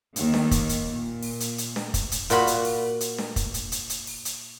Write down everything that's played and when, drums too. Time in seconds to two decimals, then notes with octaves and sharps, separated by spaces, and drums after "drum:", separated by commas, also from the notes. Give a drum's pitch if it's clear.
0.16 D#2 D#3 A#3, drum: hi-hat
0.34 drum: snare D4
0.51 drum: kick, hi-hat
0.69 drum: hi-hat
0.90 A#2
1.23 drum: open hi-hat
1.40 drum: hi-hat
1.58 drum: hi-hat
1.76 drum: snare D4
1.94 drum: kick, hi-hat
2.12 drum: hi-hat
2.30 A#2 F4 F#4 B5, drum: hi-hat
2.47 drum: hi-hat
2.65 drum: open hi-hat
3.01 drum: hi-hat
3.18 drum: snare D4
3.36 drum: kick, hi-hat
3.54 drum: hi-hat
3.72 drum: hi-hat
3.90 drum: hi-hat
4.07 drum: open hi-hat
4.25 drum: hi-hat